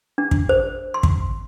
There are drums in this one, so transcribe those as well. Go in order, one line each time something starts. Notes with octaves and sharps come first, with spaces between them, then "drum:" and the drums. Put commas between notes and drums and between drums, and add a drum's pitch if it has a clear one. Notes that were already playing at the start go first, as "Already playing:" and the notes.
D4
drum: kick
C5
C6
drum: kick